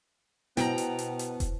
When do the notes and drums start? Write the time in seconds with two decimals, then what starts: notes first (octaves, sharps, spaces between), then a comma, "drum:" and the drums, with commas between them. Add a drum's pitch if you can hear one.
0.57 B2 B3 E4 C5 G5 A#5 F#7, drum: snare
0.78 drum: hi-hat
0.99 drum: hi-hat
1.19 drum: hi-hat
1.40 drum: kick, hi-hat